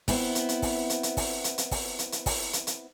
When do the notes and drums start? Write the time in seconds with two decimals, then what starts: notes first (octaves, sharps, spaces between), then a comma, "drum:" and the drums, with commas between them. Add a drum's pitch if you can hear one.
0.08 B3 C4 E4, drum: kick, open hi-hat
0.35 drum: hi-hat
0.49 drum: hi-hat
0.62 drum: kick, open hi-hat
0.90 drum: hi-hat
1.03 drum: hi-hat
1.17 drum: kick, open hi-hat
1.44 drum: hi-hat
1.58 drum: hi-hat
1.71 drum: kick, open hi-hat
1.99 drum: hi-hat
2.12 drum: hi-hat
2.26 drum: kick, open hi-hat
2.53 drum: hi-hat
2.67 drum: hi-hat